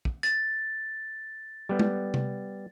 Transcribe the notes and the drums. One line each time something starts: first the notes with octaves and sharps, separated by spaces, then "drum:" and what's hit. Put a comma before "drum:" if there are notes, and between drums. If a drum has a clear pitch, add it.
drum: kick
A6, drum: hi-hat
G3 B3
drum: tom
drum: tom C3